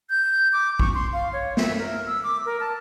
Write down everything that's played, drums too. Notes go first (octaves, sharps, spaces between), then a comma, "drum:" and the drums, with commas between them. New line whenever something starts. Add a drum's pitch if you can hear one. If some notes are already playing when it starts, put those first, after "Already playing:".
G6
D6
C#6, drum: kick
C6
F5
C#5
E5, drum: snare
A#4
E6
D6
A#4
A5